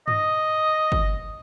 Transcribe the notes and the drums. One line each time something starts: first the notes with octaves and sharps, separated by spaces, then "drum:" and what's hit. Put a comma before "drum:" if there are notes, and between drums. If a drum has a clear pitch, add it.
D#5, drum: tom G2
drum: kick